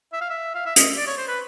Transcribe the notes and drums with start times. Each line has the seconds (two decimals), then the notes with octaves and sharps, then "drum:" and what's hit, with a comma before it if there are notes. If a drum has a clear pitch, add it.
0.13 E5
0.21 F5
0.30 E5
0.55 F5
0.66 E5
0.76 D#5, drum: hi-hat
0.97 D5
1.07 C#5
1.18 C5
1.28 B4